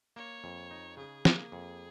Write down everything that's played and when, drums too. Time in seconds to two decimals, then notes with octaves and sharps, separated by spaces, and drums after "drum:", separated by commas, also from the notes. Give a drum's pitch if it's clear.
0.16 A#3 C#5
0.44 F2
0.71 D#4
0.97 C#3 G#4
1.25 A#3, drum: snare
1.52 F2